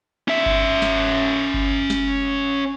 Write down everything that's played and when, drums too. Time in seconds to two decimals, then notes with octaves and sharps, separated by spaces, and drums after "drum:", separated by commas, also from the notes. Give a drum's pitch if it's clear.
0.28 C#4 E5
0.46 drum: kick G1
0.82 drum: snare
1.54 drum: kick G1
1.90 drum: snare